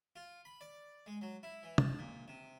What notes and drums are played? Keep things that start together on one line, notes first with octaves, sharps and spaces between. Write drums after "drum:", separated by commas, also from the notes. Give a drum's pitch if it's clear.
F4
B5
D5
G#3
F#3
E4
E3
A5, drum: tom
A#2
C3